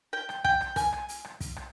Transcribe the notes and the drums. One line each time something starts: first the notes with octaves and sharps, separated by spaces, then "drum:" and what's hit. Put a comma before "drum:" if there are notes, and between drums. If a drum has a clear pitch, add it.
G5
drum: rim click
G5, drum: kick
drum: rim click
G#5, drum: kick, hi-hat
drum: rim click
drum: hi-hat
drum: rim click
drum: kick, hi-hat
drum: rim click